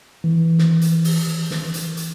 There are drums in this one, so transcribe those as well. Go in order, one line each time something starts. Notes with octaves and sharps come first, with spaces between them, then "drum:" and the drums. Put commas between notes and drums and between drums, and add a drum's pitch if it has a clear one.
E3
drum: snare
drum: hi-hat
drum: open hi-hat
E3
drum: snare
drum: hi-hat
drum: hi-hat